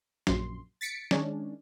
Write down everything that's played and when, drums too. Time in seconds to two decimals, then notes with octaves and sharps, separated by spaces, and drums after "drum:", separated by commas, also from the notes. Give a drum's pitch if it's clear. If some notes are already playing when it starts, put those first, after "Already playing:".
0.27 A#1 F#2 C6, drum: snare
0.81 A6 B6 C#7 D7
1.11 D#3 G#3 C#4 D4, drum: snare